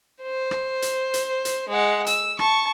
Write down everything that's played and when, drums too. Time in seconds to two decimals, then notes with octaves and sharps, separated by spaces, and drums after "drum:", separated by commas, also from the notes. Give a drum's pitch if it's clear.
0.22 C5
0.51 drum: rim click
0.82 drum: hi-hat
1.14 drum: hi-hat
1.45 drum: hi-hat
1.68 G#3 F#5
2.06 E6, drum: hi-hat
2.39 A5 C#6, drum: rim click